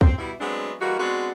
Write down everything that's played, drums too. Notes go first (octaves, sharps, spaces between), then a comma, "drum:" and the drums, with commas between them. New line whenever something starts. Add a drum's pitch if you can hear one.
C4, drum: kick
B2 G3 B3 E4
F#3 G#3 A3 B3 C4 D4
E3 G3 G#3 A#3 F#4
G#3 B3 C4 D4 F#4